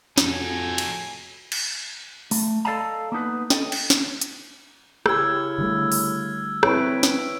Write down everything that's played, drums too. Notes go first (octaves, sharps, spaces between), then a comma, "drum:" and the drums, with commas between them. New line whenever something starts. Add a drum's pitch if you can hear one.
F2 A2 C#3 D#4 F#4 A4 G#5, drum: snare
drum: cymbal
drum: cymbal
A3, drum: open hi-hat
A4 D5 D#5 F5 A5 A#5
A#3 B3 D#4 B4
A4 D#5 G5, drum: snare
drum: cymbal
drum: snare
drum: hi-hat
C#3 E4 G4 E6 F6 G#6, drum: rim click
D3 G3 A3
drum: open hi-hat
C4 E4 B4 C#5 D7, drum: rim click
drum: snare